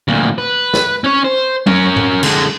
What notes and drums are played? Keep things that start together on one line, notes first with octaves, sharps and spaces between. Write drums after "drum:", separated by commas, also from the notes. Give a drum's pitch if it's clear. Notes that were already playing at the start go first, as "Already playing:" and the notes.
D2 A#2
B4
drum: snare
C#4 C#5
C5
C#4 A#4, drum: tom F#3
drum: tom A2
D3 G#3, drum: cymbal